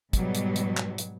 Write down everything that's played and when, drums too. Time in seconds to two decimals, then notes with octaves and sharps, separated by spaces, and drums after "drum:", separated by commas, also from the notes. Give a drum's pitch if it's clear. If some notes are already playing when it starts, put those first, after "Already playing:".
0.13 G#2 B2 F#3 G3, drum: kick, hi-hat
0.35 drum: hi-hat
0.56 drum: hi-hat
0.77 drum: clap
0.98 drum: hi-hat